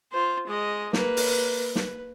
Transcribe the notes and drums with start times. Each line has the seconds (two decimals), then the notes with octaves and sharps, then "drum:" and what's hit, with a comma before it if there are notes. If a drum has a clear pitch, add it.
0.12 F4 C5
0.47 G#3 D#5
0.93 A#3 B4, drum: snare
1.17 drum: open hi-hat
1.76 B4, drum: snare